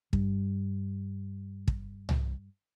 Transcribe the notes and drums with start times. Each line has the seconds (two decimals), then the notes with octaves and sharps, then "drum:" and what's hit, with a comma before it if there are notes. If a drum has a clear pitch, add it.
0.13 G2 G3, drum: kick
1.68 drum: kick
2.09 drum: tom C2